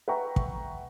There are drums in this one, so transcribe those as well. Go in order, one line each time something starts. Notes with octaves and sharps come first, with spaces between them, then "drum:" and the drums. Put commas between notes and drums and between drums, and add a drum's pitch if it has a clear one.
B4 E5 F#5 G5 A#5 C#6
drum: kick